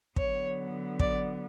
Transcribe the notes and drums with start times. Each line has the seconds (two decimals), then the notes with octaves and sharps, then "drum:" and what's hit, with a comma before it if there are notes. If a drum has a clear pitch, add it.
0.16 D3 F#3 B3 C#5, drum: kick
0.99 D5, drum: kick